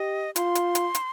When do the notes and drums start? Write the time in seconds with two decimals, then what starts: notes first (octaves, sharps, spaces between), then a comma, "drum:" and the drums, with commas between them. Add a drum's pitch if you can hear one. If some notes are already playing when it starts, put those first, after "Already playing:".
Already playing: G4 D#5
0.36 F4 C6, drum: hi-hat
0.55 drum: hi-hat
0.75 drum: hi-hat
0.95 drum: hi-hat